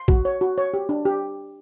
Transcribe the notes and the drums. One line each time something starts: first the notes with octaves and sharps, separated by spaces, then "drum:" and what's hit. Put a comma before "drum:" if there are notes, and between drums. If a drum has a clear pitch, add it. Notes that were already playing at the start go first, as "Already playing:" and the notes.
Already playing: C6
F#4, drum: kick A#1
C#5
F#4
C#5
G4
D4
G4